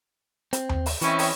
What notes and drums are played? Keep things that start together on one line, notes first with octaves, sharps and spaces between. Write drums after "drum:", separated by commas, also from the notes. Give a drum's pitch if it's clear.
C4, drum: hi-hat
drum: tom D#2
drum: open hi-hat
E3 C4 C#4 D#5 E5 G5 B5 C#6, drum: hi-hat
drum: open hi-hat